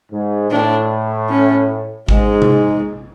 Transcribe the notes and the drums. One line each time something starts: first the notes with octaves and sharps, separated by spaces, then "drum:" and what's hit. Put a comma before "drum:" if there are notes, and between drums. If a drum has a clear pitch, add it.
G#2
A2 D4
C#4
G#2 G#3, drum: kick G#1
drum: tom C3